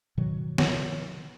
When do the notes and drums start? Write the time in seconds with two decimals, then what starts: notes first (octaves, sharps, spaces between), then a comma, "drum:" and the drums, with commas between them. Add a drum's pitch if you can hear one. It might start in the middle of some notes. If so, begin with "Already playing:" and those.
0.17 G#2 B2 D#3 F#3
0.58 drum: snare